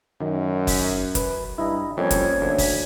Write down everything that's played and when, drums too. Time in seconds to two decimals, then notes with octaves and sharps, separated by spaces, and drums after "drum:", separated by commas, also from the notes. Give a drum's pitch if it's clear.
0.21 F#2 D#3
0.67 drum: kick F#1, open hi-hat
1.15 B4, drum: kick F#1, hi-hat
1.58 G2 E4 D#5 A#5
1.97 F2 G3 A#3 C#4 C#5
2.11 drum: kick F#1, hi-hat
2.41 D2
2.58 drum: kick F#1, open hi-hat